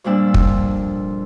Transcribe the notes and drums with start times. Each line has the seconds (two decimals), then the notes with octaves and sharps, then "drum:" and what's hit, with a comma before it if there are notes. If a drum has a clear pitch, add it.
0.04 F2 A#2 G3 D4 E6
0.34 drum: kick